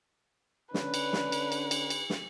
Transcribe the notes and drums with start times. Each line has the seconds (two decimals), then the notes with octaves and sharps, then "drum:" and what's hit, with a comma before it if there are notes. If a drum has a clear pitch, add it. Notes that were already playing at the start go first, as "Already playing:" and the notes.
0.74 D3 C#4 D4 B4, drum: snare
0.94 drum: cymbal
1.13 drum: snare
1.32 drum: cymbal
1.52 drum: cymbal
1.71 drum: cymbal
1.90 drum: cymbal
2.10 drum: snare